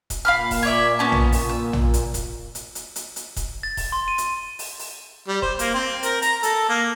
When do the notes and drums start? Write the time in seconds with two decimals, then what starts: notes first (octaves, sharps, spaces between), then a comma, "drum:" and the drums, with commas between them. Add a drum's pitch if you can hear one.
0.10 drum: kick D#1, hi-hat
0.25 A#2 F5 B5 F6
0.51 drum: kick D#1, open hi-hat
0.63 C#5 D5 E5
0.99 B3 C#4 A5
1.12 drum: tom
1.32 drum: open hi-hat
1.49 E6
1.73 drum: tom
1.94 drum: hi-hat
2.14 drum: kick D#1, hi-hat
2.55 drum: hi-hat
2.75 drum: hi-hat
2.96 drum: hi-hat
3.16 drum: hi-hat
3.36 drum: kick D#1, hi-hat
3.63 A6
3.77 drum: kick D#1, open hi-hat
3.92 C6
4.08 D#7
4.18 drum: hi-hat
4.59 drum: open hi-hat
4.79 drum: open hi-hat
5.28 G3
5.42 C5, drum: kick D#1
5.59 A#3, drum: hi-hat
5.74 C4
6.03 A#4, drum: hi-hat
6.22 A#5, drum: hi-hat
6.43 A4, drum: hi-hat
6.69 A#3